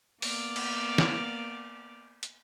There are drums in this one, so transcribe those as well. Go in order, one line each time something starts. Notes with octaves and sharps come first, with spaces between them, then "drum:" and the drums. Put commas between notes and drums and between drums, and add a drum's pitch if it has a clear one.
A#3 B3 D5 D6 F6, drum: open hi-hat
drum: cymbal
drum: snare
drum: hi-hat